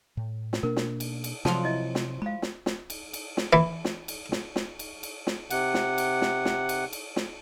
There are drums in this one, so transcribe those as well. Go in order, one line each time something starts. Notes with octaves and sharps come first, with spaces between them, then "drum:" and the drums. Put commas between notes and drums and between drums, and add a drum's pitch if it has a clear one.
A2
drum: snare
B2 A#3 D4 A#4
drum: snare
drum: cymbal
drum: cymbal
C3 F3 F#3 F4 F#4 A4 A5, drum: snare
E4 D#5 E5
drum: snare
G#3 F5 B5
drum: snare
drum: snare
drum: cymbal
drum: cymbal
drum: snare
E3
drum: snare
drum: cymbal
drum: snare
drum: snare
drum: cymbal
drum: cymbal
drum: snare
C3 F#5, drum: cymbal
drum: snare
drum: cymbal
drum: snare
drum: snare
drum: cymbal
drum: cymbal
drum: snare